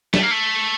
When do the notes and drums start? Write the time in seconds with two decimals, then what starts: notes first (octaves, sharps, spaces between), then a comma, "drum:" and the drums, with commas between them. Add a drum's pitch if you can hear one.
0.14 A3, drum: snare
0.22 A#3
0.31 A3